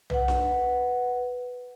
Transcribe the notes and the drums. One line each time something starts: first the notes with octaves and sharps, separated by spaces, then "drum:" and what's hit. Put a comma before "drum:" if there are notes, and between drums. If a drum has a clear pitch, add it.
B4 F#5, drum: tom
drum: snare D4